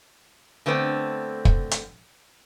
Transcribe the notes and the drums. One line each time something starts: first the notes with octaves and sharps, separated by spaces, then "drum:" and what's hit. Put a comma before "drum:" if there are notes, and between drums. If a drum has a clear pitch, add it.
D3 A3 B3 C4
drum: kick
drum: hi-hat